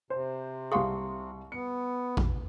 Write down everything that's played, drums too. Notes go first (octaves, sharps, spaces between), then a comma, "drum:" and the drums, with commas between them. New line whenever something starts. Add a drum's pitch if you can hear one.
C3 C5
C2 G#4 F5 F#5 C6 C#6
B3 C#7
drum: kick A1